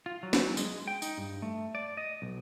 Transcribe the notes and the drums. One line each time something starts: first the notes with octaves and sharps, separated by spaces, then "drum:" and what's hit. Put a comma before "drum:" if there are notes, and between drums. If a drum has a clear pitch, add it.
F4
F#3
drum: snare
G#3, drum: tambourine
G5
D#4, drum: tambourine
G2
A3
D5
D#5
B1